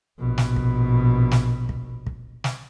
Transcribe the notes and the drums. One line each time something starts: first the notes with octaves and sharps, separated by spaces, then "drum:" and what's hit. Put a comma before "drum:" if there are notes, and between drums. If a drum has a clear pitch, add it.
A#1 B2
drum: snare
drum: kick
drum: snare
drum: kick
drum: kick
drum: snare